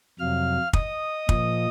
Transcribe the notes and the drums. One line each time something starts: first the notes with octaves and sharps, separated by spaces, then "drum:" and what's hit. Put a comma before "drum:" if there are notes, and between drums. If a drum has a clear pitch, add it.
F2 C3 F#3 F5 F6
D#5 D#6, drum: kick
A#2 F3, drum: kick